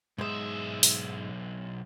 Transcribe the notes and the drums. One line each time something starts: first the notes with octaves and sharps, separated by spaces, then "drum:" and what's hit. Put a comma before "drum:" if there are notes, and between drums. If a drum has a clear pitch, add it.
B1 G#2 G#3 E5
drum: open hi-hat